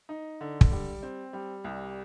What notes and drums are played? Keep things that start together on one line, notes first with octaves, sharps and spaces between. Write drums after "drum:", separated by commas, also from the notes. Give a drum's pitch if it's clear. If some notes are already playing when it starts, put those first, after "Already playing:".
D#4
D3
drum: kick
G3
C4
G3
C2